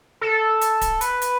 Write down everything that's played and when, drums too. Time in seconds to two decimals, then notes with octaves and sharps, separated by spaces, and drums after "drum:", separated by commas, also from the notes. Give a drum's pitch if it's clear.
0.21 A4
0.61 drum: hi-hat
0.81 drum: kick D1, hi-hat
1.01 B4, drum: hi-hat
1.22 drum: hi-hat